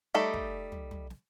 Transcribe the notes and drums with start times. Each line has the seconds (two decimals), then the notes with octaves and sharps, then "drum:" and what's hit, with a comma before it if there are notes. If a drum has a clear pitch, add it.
0.14 G3 A3 D#4 A4 D5
0.34 drum: kick
0.72 drum: tom
0.91 drum: tom
1.10 drum: snare